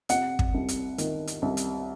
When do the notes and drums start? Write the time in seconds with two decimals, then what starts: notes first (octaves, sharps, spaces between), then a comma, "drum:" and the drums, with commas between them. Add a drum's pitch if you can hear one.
0.09 C3 F#5, drum: hi-hat
0.39 drum: kick
0.54 C2
0.68 drum: hi-hat
0.98 D#3, drum: hi-hat
1.27 drum: hi-hat
1.42 C2
1.57 drum: hi-hat